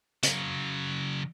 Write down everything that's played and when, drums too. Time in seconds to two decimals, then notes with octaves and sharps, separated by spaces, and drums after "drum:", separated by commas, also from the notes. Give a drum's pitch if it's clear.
0.23 C#3 F#3, drum: hi-hat